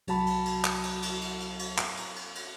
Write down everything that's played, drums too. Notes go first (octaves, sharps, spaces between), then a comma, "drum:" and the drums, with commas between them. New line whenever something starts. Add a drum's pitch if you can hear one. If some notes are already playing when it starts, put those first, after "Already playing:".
C2 F#3 F#4 A5 B5, drum: cymbal
drum: cymbal
drum: cymbal
drum: clap
drum: cymbal
drum: cymbal
drum: cymbal
drum: cymbal
drum: cymbal
drum: clap
drum: cymbal
drum: cymbal
drum: cymbal